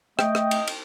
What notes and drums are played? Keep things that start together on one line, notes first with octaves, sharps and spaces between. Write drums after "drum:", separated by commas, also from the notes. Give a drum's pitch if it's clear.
A3 D#5 G5, drum: rim click
drum: rim click
drum: cymbal
drum: cymbal